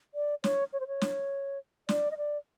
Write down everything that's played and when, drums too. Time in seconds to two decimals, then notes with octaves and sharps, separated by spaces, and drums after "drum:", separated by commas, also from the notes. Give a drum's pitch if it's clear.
0.14 D5
0.44 C#5, drum: snare
0.73 C#5
0.80 C5
0.88 C#5
1.01 drum: snare
1.89 D5, drum: snare
2.11 D#5
2.17 D5